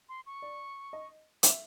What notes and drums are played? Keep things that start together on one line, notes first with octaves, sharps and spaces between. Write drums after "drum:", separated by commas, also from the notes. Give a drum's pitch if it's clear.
C6
C#6
D5
D#5
E5 D6, drum: hi-hat